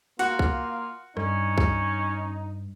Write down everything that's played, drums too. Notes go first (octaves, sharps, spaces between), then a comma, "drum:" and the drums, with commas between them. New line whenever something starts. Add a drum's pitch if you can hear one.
A#3 F4 F#4, drum: hi-hat
drum: kick
G2 C#4 D#4, drum: rim click
drum: kick